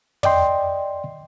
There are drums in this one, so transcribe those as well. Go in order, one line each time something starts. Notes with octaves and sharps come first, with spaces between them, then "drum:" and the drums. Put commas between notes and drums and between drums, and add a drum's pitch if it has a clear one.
D5 D#5 G5 C6, drum: tom